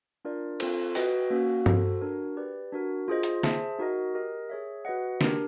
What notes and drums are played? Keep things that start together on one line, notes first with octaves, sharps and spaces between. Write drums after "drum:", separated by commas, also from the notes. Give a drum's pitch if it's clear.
D4 F4 A#4 D5
C4 F4 A4 C5, drum: cymbal
F#4 B4 D#5 G5, drum: open hi-hat
A#3 C#4 F#4
F#4 A4 C5, drum: tom G2
D4 F#4 A#4
G4 B4 D5
D4 F#4 A#4
F4 G#4 C5 D#5
drum: hi-hat
G#4 C5 E5 A5, drum: snare
D#4 F#4 A#4 D#5
G4 A#4 D#5
G#4 C#5 E5
F#4 B4 D#5 F#5
D4 G4 A#4, drum: snare